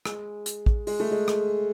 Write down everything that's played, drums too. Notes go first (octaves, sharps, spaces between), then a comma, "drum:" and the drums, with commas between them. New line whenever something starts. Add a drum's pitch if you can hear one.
G#3, drum: rim click
drum: hi-hat
drum: kick
G#3, drum: open hi-hat
A3
G#3
drum: rim click